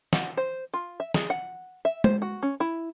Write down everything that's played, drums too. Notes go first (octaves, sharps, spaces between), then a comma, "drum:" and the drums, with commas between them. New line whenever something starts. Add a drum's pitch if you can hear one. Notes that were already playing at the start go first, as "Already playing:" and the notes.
F#5, drum: snare
C5
F4
E5
G#4, drum: snare
F#5
E5
C5, drum: tom G#3
F#4
C#4
E4